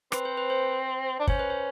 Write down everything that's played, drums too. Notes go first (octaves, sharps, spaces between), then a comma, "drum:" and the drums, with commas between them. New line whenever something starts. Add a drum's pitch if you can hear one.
C4 B4, drum: rim click
C5
B4
C5
D4
C#4 C5, drum: kick
B4
C5